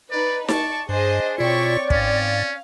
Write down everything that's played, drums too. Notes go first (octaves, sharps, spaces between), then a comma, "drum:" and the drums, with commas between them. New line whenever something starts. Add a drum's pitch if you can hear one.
D#4 B4 D5
D5 A5 C#6, drum: snare D#4
G2 D4 G#4 C5 D#5
B2 C4 E4 F4 C#5 D5 G5 C#6
G#2 C#4 F5 A6, drum: kick